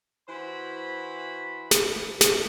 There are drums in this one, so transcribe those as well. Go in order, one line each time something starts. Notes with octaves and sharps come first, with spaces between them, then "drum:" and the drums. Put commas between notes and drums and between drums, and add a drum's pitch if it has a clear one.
E3 F#4 C5 B5
drum: snare
drum: snare